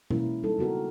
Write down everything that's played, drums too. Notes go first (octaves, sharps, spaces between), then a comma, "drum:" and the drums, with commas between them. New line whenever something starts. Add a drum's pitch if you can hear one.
G#3 A#3 C#4 E4 A#4, drum: tom B2
G3 D#4 A4
C#3 B3 F#4 G4 A#4